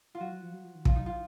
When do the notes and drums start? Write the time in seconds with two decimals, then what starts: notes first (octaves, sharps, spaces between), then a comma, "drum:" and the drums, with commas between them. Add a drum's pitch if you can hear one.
0.15 F4
0.20 F#3 F#4
0.31 F#3
0.43 F3
0.54 F#3
0.65 F3
0.75 D#3
0.85 F#3 F4, drum: kick
0.96 D#4
1.06 F4